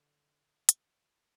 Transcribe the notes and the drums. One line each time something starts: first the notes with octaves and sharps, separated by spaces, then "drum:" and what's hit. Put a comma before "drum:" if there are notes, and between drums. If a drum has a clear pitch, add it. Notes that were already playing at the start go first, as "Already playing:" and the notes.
Already playing: D3
drum: hi-hat